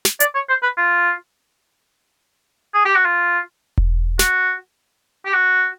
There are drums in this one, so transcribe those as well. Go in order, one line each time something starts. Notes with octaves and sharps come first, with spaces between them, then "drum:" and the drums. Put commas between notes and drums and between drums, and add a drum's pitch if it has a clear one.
drum: snare
D5, drum: hi-hat
C#5
C5
B4
F4
G#4
G4
F#4
F4
drum: kick E1
F#4, drum: snare
G4
F#4